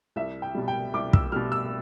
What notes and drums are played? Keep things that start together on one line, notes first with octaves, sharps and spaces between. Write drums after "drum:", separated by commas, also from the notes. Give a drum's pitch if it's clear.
C2 E5
G5
B2 G3
G5
C2 D6
E6, drum: kick
B2 G3 F6
E6